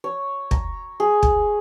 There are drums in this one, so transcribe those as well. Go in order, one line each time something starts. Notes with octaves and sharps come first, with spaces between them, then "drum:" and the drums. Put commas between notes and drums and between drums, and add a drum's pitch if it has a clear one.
C#5
A#5, drum: kick
G#4
drum: kick